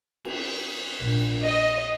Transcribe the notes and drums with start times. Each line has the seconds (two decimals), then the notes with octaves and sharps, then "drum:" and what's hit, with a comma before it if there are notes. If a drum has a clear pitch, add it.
0.25 drum: cymbal
1.04 A#1
1.44 D#5